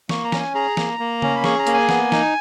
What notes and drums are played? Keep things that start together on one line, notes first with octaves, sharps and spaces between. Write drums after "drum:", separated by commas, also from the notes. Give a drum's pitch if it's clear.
A#3 C#6, drum: snare
A#5
C#4, drum: snare
G#5
G#4 A#5
A#3, drum: snare
A#3
C#4, drum: tom C#3
B5
G#4 C#6, drum: snare
A#5
A#3, drum: hi-hat
G#5
B3, drum: snare
D#4, drum: snare